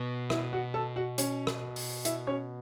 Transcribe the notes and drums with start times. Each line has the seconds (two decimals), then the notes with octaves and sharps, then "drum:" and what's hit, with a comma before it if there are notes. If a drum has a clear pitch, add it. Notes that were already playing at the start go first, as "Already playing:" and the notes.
Already playing: B2 B3
0.30 E4 E5, drum: rim click
0.53 F#4 F#5
0.74 A4 A5
0.96 F#4 F#5
1.18 C#4 C#5, drum: hi-hat
1.47 drum: rim click
1.76 drum: open hi-hat
2.05 E4 E5, drum: hi-hat
2.27 C#4 C#5